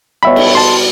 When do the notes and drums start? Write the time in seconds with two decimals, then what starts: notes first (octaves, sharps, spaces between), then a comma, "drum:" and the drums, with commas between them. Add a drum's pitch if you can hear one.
0.23 B2 G3 C#5 E5 B5
0.36 drum: cymbal
0.55 A5 C6